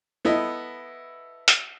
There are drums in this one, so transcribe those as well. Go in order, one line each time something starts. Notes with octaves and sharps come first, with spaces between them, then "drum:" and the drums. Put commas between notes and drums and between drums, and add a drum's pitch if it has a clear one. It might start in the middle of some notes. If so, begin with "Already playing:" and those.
B3 E4 A4 D#5
drum: hi-hat